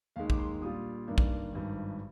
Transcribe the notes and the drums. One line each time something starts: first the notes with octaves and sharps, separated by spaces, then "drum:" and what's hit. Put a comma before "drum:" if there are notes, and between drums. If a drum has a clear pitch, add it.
D#2 D#3 G#3 F5
D6, drum: kick
C6
A#2 G3 D4 F4 D#6
G2 D#3 A#3 D4
drum: kick
G#1 G2 D#3